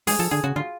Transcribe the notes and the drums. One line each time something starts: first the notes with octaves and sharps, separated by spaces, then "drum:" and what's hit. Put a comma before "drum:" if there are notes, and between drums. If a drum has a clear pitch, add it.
G#3 G#4, drum: open hi-hat
F3 A4
D3 G#4
C#3 F#4
D3 F4